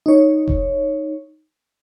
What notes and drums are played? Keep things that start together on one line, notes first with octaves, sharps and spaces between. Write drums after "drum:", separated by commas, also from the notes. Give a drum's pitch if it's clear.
D#4 C#5
drum: kick F1